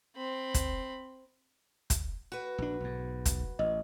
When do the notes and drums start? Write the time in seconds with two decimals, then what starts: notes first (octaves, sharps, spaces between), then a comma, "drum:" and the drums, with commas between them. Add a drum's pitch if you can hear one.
0.16 C4 B5
0.54 drum: kick, hi-hat
1.90 drum: kick, hi-hat
2.32 F#4 B4
2.58 A#1 D4
2.80 B1 G#2
3.26 drum: kick, hi-hat
3.59 A1 D#5